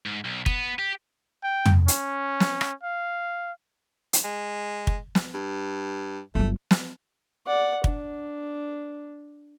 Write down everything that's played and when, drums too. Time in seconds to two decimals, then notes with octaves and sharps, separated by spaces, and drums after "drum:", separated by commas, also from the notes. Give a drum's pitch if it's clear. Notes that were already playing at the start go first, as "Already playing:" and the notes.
0.06 G#2
0.25 B1
0.46 B3, drum: kick
0.79 G4
1.43 G5
1.66 drum: tom
1.88 C#4, drum: hi-hat
2.40 drum: snare
2.61 drum: rim click
2.83 F5
4.13 drum: hi-hat
4.24 G#3
4.87 drum: kick
5.15 drum: snare
5.34 G2
6.35 G1 F#3 A3
6.71 drum: snare
7.46 D5 F#5
7.84 D4, drum: kick